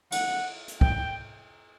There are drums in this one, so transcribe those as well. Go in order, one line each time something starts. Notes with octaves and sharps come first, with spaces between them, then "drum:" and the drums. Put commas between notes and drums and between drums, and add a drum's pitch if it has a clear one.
F#5, drum: cymbal
drum: hi-hat
G5, drum: kick